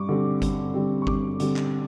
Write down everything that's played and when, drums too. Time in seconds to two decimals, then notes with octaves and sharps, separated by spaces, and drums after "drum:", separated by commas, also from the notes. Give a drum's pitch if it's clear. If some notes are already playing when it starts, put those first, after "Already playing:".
Already playing: G2 C#6 D6
0.09 D3 G3 C4
0.42 G2, drum: kick G1, hi-hat
0.74 D3 G3 C4
1.02 C#6
1.07 G2 D6, drum: kick G1
1.40 D3 G3 C4, drum: hi-hat
1.56 drum: clap